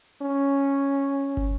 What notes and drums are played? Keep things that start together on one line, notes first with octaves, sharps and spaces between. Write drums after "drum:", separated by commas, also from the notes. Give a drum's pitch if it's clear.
C#4
drum: kick